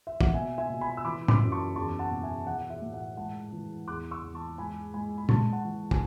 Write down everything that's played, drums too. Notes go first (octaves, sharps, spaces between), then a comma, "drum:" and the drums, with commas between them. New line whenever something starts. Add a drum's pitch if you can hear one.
E5
F#5, drum: kick
B2 E5 G#5
E5 G#5
B2
G#5 B5
E6
E3 B5 D6
B5 D6, drum: tom A2
F#2
A5 C#6
E2 A5 C#6
F#5 A5
B2
E5 G#5
E3 F#5
E5
A2
F#5
G#2 F#5 A5
E3
E2 D6 F#6
C#6 E6
E2
A5 C#6
G#2 G#5 B5
G#2 G#5 B5
B5
G#2 A5 C#6, drum: tom
F#5 A5
E3
G#5, drum: kick